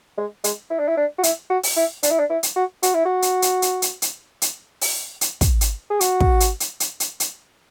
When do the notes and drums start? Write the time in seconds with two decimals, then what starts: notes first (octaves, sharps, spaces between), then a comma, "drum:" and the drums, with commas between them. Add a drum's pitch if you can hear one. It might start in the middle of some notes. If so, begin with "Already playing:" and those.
0.18 G#3
0.44 G#3, drum: hi-hat
0.71 E4
0.79 D4
0.88 E4
0.97 D4
1.18 F#4
1.23 E4, drum: hi-hat
1.50 F#4
1.63 drum: open hi-hat
1.77 E4
2.03 D4, drum: hi-hat
2.11 E4
2.20 D4
2.30 E4
2.43 drum: hi-hat
2.56 F#4
2.83 F#4, drum: hi-hat
2.94 E4
3.06 F#4
3.22 drum: hi-hat
3.42 drum: hi-hat
3.62 drum: hi-hat
3.82 drum: hi-hat
4.02 drum: hi-hat
4.42 drum: hi-hat
4.81 drum: open hi-hat
5.21 drum: hi-hat
5.41 drum: kick, hi-hat
5.61 drum: hi-hat
5.90 G#4
6.01 F#4, drum: hi-hat
6.20 drum: kick
6.40 drum: hi-hat
6.60 drum: hi-hat
6.80 drum: hi-hat
7.00 drum: hi-hat
7.20 drum: hi-hat